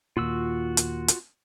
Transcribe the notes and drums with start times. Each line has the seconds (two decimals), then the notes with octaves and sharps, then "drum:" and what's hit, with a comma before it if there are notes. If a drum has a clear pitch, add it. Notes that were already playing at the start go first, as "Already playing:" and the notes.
0.17 D#2 A#2 F4 F#4 E6
0.77 drum: hi-hat
1.08 drum: hi-hat